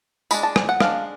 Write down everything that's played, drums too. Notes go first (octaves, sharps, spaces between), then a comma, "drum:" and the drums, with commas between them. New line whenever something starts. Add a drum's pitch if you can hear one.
G#3 D4 B5, drum: tambourine
A5
G#5, drum: rim click
F#5
G#3 D4 F5, drum: rim click